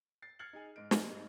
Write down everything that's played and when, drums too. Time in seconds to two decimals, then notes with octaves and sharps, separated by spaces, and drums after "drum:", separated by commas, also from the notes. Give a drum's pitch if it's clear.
0.22 A6 C7
0.39 F6 G#6 A6 C7 C#7 F#7
0.53 D#4 G#4 G#5
0.76 G#2 D#5 D7
0.91 A#1 C4 G4 D#5 G#5 F6, drum: snare
1.09 G2 G3 D#4